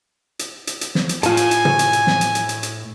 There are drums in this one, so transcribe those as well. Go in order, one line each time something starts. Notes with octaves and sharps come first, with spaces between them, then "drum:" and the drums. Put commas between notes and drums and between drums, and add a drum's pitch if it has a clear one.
drum: hi-hat
drum: hi-hat
drum: hi-hat
drum: snare
drum: hi-hat
A2 F4 G#5 A5, drum: hi-hat
drum: hi-hat
drum: hi-hat
drum: tom
drum: hi-hat
drum: hi-hat
drum: snare
drum: hi-hat
drum: hi-hat
drum: hi-hat
drum: hi-hat